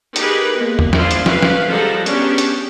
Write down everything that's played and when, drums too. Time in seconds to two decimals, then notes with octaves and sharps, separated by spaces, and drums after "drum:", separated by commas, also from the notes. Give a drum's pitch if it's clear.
0.16 D#4 G4 G#4 A#4 B4, drum: hi-hat
0.58 G#3 A#3 B3
0.79 drum: tom
0.93 F3 C4 D4 E4 F4, drum: snare
1.11 drum: hi-hat
1.26 C#4 B4 F5, drum: snare
1.42 drum: snare
1.67 F3 G3 G#3 A4 F#5 A#5
2.06 B3 C#4 D4 G4 G#4, drum: hi-hat
2.38 drum: hi-hat